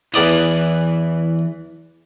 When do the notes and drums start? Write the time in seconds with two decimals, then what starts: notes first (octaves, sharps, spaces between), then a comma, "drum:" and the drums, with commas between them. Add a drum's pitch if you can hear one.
0.14 E2 E3 D5 D#6, drum: open hi-hat